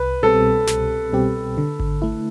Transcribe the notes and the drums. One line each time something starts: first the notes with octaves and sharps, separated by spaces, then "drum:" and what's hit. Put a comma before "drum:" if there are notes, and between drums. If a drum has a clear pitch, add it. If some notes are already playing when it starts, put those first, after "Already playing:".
Already playing: C2 B4
B2 G3 C4 G4 A4
C2, drum: snare
B2 G3 C4 G4
D3
drum: kick G#1
A3 E4